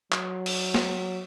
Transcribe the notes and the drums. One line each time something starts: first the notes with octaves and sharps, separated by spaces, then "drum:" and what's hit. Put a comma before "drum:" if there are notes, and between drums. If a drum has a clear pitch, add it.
F#3, drum: clap
drum: cymbal
drum: snare